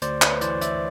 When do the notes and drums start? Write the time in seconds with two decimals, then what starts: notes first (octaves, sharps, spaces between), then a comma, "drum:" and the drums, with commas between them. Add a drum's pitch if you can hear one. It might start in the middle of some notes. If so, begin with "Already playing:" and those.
0.02 D2 C5 D5, drum: hi-hat
0.22 B4 C#5, drum: clap
0.41 E3 C5 D5, drum: hi-hat
0.61 D5 E5, drum: hi-hat